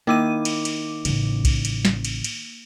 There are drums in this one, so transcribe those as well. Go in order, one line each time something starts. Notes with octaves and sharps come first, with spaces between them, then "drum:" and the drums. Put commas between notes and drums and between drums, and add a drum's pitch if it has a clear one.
D#3 A#3 E4 D6 D#7
drum: cymbal
drum: cymbal
A1 C#3, drum: cymbal
drum: kick, cymbal
drum: cymbal
drum: snare
drum: cymbal
drum: cymbal